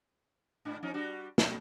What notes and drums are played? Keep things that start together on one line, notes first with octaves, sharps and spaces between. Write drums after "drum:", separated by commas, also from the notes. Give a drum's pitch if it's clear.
G#2 D4
F3 C#4 D#4
G3 D4 F#4
B2 F#3 A3, drum: snare